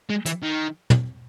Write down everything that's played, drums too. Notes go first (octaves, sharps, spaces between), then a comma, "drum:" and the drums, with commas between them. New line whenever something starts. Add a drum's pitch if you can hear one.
G#3
E3, drum: hi-hat
D#3
drum: tom